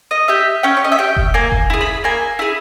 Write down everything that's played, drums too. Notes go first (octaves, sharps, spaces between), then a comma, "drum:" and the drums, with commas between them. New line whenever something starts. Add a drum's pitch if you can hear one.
D#5
G4 E5
C#4 G5
C#5
D#5
E5
G4 G5
drum: kick F1
A#3 G#5
drum: kick F1
E4 G#4
B5
A#3 G#5
E4 G#4